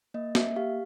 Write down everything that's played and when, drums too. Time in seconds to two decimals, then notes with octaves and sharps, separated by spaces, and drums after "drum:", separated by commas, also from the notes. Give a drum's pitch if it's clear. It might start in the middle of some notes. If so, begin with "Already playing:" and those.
0.14 A#3 D#5
0.35 A#3 E5, drum: snare
0.56 G4 F5